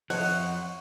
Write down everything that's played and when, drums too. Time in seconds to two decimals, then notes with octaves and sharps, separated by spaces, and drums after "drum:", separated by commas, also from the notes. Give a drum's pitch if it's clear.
0.10 F3 C4 C#5 D#5 F#5, drum: open hi-hat